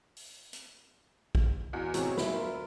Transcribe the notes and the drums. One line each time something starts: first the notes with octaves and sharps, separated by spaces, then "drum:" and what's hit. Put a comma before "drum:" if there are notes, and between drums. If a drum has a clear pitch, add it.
drum: open hi-hat
drum: hi-hat
drum: kick
E2 B2
A2 C3 F#3 C4 G#4 C#5, drum: hi-hat
E2 C3 E5 B5, drum: snare
D2 F4 A#4